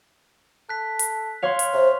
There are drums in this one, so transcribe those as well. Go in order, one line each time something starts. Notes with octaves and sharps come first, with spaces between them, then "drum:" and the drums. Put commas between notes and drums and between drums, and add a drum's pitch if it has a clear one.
A4 F#6 B6
drum: hi-hat
C#5 F5 C6 C#6 F7
drum: hi-hat
C3 C5